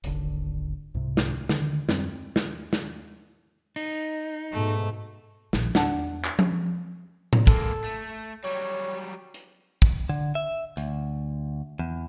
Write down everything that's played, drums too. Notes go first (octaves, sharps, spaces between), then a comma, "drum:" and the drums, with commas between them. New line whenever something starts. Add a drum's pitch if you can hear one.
D#1 G#1 D3, drum: hi-hat
C2 G#2 C3
drum: snare
D3 D#3, drum: snare
F#2 G3 C4, drum: snare
drum: snare
drum: snare
D#4, drum: open hi-hat
G#2 B2 A3
A#1, drum: snare
E2 D4 F#5 A5, drum: snare
drum: clap
drum: tom F3
drum: tom A2
G#3 A#3 A4, drum: kick
A3
F#3 G3 C#5
drum: hi-hat
drum: kick
D3
E5
D2, drum: hi-hat
E2